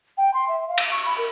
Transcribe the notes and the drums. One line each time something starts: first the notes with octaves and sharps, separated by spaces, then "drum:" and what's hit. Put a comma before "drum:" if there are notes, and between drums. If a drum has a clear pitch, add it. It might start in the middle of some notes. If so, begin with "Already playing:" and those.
G5
C6
E5
F5
drum: cymbal
C#6
B5
A#4